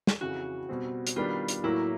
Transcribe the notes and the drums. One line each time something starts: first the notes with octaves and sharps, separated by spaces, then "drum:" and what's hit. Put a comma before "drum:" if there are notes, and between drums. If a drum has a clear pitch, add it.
drum: snare
F2 C#3 E3 F#4
B2 G3 C4
drum: hi-hat
D#3 G3 B3 D4 F4
drum: hi-hat
A2 F#3 A#3 E4